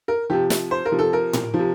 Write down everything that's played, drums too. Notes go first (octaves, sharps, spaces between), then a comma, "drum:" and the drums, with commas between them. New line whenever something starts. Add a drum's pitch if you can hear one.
A#4
C3 F3 G4
drum: snare
C5
A#4
C3 F3
A4
A#4
drum: tom A2
F3
C3